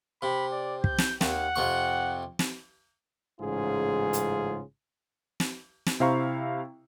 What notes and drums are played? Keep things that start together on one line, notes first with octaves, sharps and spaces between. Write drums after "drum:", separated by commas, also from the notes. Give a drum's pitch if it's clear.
C3 B5
D5
G6, drum: kick
drum: snare
D#2 F#5, drum: snare
F2 C3 C#6
drum: snare
A1 G#2 C#3 F4 G#4
drum: hi-hat
drum: snare
drum: snare
C3 E4 C5 F5 A#5 C#6